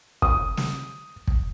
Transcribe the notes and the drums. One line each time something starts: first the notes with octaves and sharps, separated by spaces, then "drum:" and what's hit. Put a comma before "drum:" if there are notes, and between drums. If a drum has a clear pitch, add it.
D#6, drum: kick
drum: snare
drum: kick